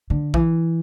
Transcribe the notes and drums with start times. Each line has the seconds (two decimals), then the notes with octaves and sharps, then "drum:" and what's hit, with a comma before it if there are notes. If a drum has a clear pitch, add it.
0.10 D3
0.34 E3, drum: kick A#1